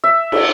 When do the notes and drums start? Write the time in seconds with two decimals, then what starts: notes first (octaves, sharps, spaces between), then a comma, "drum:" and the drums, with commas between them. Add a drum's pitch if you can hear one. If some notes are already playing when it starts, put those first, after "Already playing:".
0.04 E5
0.32 drum: cymbal